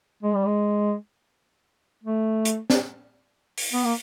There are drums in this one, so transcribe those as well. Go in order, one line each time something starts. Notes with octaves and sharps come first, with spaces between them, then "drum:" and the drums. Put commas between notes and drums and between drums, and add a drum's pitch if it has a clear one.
G#3
G3
G#3
A3
drum: hi-hat
drum: snare
drum: open hi-hat
B3
A#3